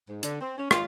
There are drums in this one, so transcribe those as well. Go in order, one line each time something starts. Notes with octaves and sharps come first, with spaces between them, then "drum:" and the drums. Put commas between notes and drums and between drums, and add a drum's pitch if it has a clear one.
G#2
D3, drum: hi-hat
C4
C#4
F4, drum: rim click